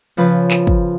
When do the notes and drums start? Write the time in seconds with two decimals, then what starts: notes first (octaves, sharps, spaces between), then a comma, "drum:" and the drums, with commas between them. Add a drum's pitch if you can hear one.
0.17 C#3 F3 B4 C5
0.51 drum: clap
0.67 drum: kick